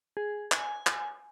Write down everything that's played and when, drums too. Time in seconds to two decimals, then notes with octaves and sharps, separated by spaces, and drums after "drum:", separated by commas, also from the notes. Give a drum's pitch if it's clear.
0.17 G#4
0.52 G#5, drum: clap
0.87 drum: clap